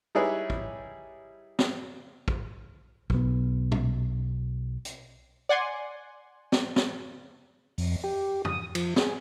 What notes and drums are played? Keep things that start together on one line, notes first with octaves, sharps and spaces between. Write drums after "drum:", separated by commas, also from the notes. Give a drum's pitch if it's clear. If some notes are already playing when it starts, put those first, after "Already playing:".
G3 D#4 E4 G#4 B4 C#5
drum: kick
drum: snare
drum: kick
B1 B3, drum: kick
drum: tom A#2
drum: hi-hat
D5 F#5 G#5 C6
drum: snare
drum: snare
F2, drum: open hi-hat
G4
D#6, drum: tom
F3, drum: cymbal
G#4, drum: snare